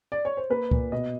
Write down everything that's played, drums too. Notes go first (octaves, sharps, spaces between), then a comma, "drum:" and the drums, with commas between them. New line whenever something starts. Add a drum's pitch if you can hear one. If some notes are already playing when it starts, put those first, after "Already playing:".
D5
C#5
C5
A#3 B4
A#2, drum: kick C#2
B2 D#5